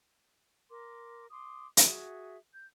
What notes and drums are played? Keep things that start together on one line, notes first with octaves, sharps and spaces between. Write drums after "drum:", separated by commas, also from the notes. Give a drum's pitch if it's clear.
A#4 C6 D6
C6 D6 D#6
F#4 G#4 E5, drum: hi-hat
G6